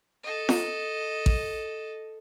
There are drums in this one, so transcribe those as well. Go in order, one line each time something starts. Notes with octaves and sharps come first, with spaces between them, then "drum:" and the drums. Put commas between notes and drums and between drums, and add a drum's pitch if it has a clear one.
A4 D#5
drum: snare F4
drum: kick A1